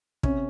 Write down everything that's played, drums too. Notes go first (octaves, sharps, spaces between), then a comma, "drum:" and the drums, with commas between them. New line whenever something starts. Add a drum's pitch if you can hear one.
C3 C#4, drum: kick